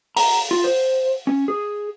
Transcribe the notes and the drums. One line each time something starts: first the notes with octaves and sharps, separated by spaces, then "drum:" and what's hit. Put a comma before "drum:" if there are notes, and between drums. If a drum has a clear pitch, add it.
A#5, drum: open hi-hat
F4
C5
C#4
G#4